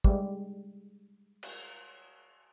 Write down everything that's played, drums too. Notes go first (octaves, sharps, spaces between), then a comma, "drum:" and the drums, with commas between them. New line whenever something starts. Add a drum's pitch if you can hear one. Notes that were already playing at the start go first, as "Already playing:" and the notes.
G3 G#3, drum: kick
drum: cymbal